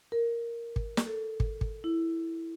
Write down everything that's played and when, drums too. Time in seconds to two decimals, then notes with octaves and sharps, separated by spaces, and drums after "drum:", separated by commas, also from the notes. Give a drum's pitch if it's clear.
0.12 A#4
0.76 drum: kick
0.97 drum: snare
1.06 A4
1.40 drum: kick
1.61 drum: kick
1.84 E4